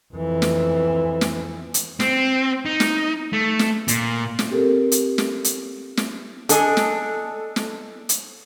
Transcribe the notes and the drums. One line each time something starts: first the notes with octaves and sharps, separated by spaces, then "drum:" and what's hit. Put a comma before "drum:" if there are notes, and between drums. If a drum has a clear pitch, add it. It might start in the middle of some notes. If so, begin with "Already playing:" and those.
F2 E3
drum: snare
drum: snare
drum: hi-hat
C4, drum: snare
D#4
drum: snare
A3
drum: snare
A#2, drum: hi-hat
drum: snare
C4 G4 A4 A#4
drum: hi-hat
drum: snare
drum: hi-hat
drum: snare
D4 G#4 A4 D#5, drum: hi-hat
drum: snare
drum: snare
drum: hi-hat